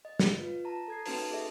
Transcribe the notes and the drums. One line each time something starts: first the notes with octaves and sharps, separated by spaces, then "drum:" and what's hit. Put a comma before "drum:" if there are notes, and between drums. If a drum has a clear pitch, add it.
D#5
drum: snare
F4 B4
A5 A#5
A4 G#6 C7
A#3 C#4 D#4 F#4 B4 A5, drum: open hi-hat
F#4 G#4 A4 D#5 E5